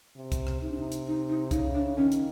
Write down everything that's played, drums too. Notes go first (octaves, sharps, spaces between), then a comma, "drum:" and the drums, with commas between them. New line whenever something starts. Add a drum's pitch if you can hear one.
C3
drum: kick C2, hi-hat
drum: rim click
C3 D#4
D4
D#4
drum: hi-hat
D#4
D#4
C#3 D#4, drum: kick C2, hi-hat
D4
D#3 C#4
drum: hi-hat